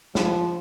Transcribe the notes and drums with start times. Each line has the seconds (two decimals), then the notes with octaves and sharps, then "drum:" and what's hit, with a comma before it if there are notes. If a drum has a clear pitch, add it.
0.15 F3, drum: snare